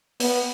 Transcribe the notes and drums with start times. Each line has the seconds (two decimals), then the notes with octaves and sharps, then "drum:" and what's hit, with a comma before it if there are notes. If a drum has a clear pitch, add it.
0.20 B3, drum: open hi-hat